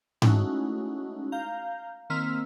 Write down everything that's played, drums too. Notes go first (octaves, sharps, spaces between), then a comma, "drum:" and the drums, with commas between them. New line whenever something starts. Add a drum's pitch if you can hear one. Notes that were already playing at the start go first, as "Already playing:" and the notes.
G#3 A3 C#4 D#4 E4 F#4, drum: tom G#2
F5 A#5 G6
D#3 A#3 C4 E6 F6 B6